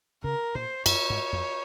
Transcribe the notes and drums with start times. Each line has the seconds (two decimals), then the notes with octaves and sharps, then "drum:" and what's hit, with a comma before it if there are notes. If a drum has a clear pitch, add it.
0.23 C#3 A#4
0.55 A#2 C5
0.86 F#2 C#5, drum: cymbal
1.10 G#2
1.33 F2